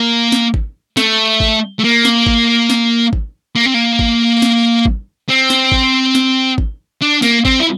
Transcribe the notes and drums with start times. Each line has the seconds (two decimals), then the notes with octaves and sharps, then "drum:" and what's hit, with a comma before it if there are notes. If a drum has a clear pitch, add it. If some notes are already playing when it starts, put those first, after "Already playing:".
Already playing: A#3
0.32 drum: snare
0.54 drum: kick G#1
0.97 A3, drum: snare
1.40 drum: kick G#1
1.79 A3
1.84 A#3
2.05 drum: snare
2.26 drum: kick G#1
2.70 drum: snare
3.13 drum: kick G#1
3.55 A#3
3.66 C4
3.74 A#3
3.99 drum: kick G#1
4.42 drum: snare
4.85 drum: kick G#1
5.29 C4
5.50 drum: snare
5.72 drum: kick G#1
6.15 drum: snare
6.58 drum: kick G#1
7.01 D4
7.22 A#3, drum: snare
7.45 C4, drum: kick G#1
7.60 E4